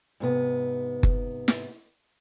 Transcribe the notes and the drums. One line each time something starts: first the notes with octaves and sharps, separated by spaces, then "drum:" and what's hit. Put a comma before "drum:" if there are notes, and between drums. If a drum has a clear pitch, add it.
G#2 C3 B3
drum: kick F#1
drum: snare